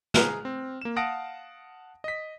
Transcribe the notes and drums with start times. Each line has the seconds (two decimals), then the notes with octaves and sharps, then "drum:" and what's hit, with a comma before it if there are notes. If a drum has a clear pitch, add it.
0.14 G#4 A#5 F6 F#6, drum: snare
0.45 C4
0.82 A#3 E7
0.96 F5 F#5 A5 D#6 A#6 D7
2.04 D#5 B6